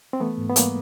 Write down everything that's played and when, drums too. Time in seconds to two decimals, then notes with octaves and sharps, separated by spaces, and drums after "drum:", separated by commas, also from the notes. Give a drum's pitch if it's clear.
0.13 C4
0.20 E3 A3 B3
0.38 G#2
0.49 B3
0.56 G3 A#3, drum: hi-hat